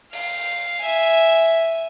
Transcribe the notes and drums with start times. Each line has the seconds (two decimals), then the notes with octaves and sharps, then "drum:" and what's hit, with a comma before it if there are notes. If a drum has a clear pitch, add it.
0.13 F5, drum: open hi-hat
0.80 E5 G#5